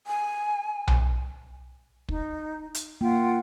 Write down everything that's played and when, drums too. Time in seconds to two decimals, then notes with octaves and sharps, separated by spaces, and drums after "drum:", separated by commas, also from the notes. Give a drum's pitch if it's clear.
0.07 G#5
0.88 drum: tom B1
2.09 D#4, drum: kick
2.75 drum: hi-hat
3.01 A#3 F4 F#5 G5